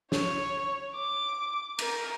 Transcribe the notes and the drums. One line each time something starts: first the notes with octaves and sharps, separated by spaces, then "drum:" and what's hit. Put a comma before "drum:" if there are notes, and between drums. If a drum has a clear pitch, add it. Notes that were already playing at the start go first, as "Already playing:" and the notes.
C#5, drum: snare
D6
A#4, drum: cymbal